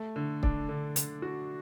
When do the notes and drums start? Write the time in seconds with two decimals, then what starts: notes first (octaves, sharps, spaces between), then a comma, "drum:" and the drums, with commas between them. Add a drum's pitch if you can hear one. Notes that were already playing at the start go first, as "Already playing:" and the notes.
Already playing: A3
0.16 D3
0.43 D4, drum: kick
0.69 D3
0.96 D3, drum: hi-hat
1.22 F#4